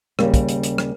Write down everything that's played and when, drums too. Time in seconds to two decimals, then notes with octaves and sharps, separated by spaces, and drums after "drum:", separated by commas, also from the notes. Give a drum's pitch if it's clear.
0.19 D#2 C#3 G3 A#3, drum: rim click
0.34 drum: kick, hi-hat
0.49 drum: hi-hat
0.63 drum: hi-hat
0.78 drum: rim click